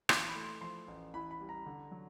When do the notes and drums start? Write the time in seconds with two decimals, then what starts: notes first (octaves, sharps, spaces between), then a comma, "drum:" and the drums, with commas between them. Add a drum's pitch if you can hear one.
0.09 E3 C6, drum: rim click
0.27 B5
0.35 A3
0.44 C6
0.61 F3 C6
0.88 A1
1.14 E3 B5
1.31 B5
1.40 G3
1.49 A#5
1.66 D3
1.91 F#3